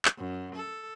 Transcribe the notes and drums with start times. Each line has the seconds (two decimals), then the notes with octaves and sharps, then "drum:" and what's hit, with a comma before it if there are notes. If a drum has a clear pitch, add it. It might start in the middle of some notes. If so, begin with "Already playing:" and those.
0.05 drum: clap
0.18 F#2
0.55 A4